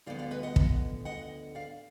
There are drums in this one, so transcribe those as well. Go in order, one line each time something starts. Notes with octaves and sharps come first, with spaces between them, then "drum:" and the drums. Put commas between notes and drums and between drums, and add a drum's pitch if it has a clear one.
D2 D3 F3 B3 D5 F5
D5 F5
B4 D#5
D#5 F#5
drum: kick
D#5 F#5
D5 F5